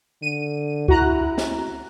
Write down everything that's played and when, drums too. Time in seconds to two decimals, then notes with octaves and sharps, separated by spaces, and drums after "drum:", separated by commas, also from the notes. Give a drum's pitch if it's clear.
0.22 D3 D#7
0.88 E4 F#4 A#5 F#6, drum: kick C#2
1.38 drum: snare